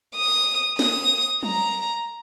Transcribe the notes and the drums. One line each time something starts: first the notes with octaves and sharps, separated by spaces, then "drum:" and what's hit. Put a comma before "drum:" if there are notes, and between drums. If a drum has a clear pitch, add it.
D#6
D#6, drum: snare
A#5, drum: tom F#3